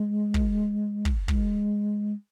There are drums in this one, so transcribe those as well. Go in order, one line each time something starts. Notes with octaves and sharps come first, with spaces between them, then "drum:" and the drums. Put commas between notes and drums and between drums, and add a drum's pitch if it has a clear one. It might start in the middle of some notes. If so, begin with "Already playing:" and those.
Already playing: G#3
drum: kick
drum: kick
G#3, drum: kick